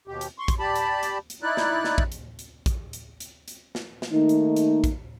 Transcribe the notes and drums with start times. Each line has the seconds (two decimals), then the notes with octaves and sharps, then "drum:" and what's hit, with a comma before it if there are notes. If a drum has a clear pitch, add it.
0.08 D#2 B2 G4
0.21 drum: hi-hat
0.39 C6 C#6
0.48 drum: kick, hi-hat
0.59 G4 D5 A5 B5
0.76 drum: hi-hat
1.03 drum: hi-hat
1.30 drum: hi-hat
1.43 D#4 E4 D5 F#6
1.57 drum: snare
1.84 drum: snare
1.98 drum: kick
2.12 drum: hi-hat
2.39 drum: hi-hat
2.66 drum: kick, hi-hat
2.93 drum: hi-hat
3.20 drum: hi-hat
3.48 drum: hi-hat
3.75 drum: snare
4.02 drum: snare
4.12 D#3 A3 A#3 D#4
4.29 drum: hi-hat
4.56 drum: hi-hat
4.84 drum: kick, hi-hat